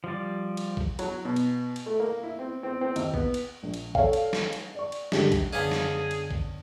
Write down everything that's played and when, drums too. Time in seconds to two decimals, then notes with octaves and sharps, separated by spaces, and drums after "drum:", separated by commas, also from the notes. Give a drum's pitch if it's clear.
0.04 F3 G3 D5
0.57 drum: cymbal
0.77 drum: kick
0.99 F#3, drum: cymbal
1.25 B2
1.36 drum: cymbal
1.76 drum: cymbal
1.86 A3
2.00 A#3
2.23 E4
2.39 C4
2.63 C4
2.81 C4
2.96 D#2, drum: cymbal
3.14 B3, drum: kick
3.34 drum: cymbal
3.63 A#1
3.74 drum: cymbal
3.95 A4 C#5 D5 F5, drum: kick
4.13 drum: cymbal
4.33 drum: snare
4.53 drum: cymbal
4.75 D5 C#6
4.92 drum: cymbal
5.12 G#2 D3 G3 G#3 C#4 G4, drum: snare
5.32 drum: kick, cymbal
5.53 F#2 D3 B3 C#4 D4 G#4 F5 G#5
5.71 drum: snare
6.11 drum: cymbal
6.31 drum: kick